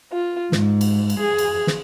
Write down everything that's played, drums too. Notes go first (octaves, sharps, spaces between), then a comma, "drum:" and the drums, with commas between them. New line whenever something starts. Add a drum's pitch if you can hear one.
F4
G#2, drum: snare
drum: cymbal
drum: cymbal
G#4
drum: cymbal
drum: snare